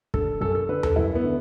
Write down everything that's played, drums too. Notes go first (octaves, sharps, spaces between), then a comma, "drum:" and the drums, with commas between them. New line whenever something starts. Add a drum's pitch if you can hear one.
D3 A4, drum: kick
F#2 A4
A4
D3 B4
A4, drum: tom D#2
F#2 E4
B3
D3